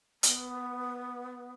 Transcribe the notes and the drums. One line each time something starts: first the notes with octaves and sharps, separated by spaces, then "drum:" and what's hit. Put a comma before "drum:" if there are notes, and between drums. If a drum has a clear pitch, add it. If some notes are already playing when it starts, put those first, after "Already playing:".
B3, drum: hi-hat